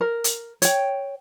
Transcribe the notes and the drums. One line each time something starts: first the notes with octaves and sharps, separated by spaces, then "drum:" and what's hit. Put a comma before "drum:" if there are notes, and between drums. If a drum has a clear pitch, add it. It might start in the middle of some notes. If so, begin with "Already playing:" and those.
A#4
drum: hi-hat
C#5 G5, drum: hi-hat